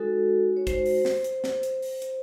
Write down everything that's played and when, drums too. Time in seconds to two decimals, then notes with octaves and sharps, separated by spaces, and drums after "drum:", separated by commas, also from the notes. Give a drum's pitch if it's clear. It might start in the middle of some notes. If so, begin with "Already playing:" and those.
Already playing: G#3 D#4 F#4 A4
0.57 C#5
0.67 C5, drum: kick, hi-hat
0.86 drum: open hi-hat
1.05 drum: snare
1.24 drum: hi-hat
1.44 drum: snare
1.63 drum: hi-hat
1.82 drum: open hi-hat
2.02 drum: hi-hat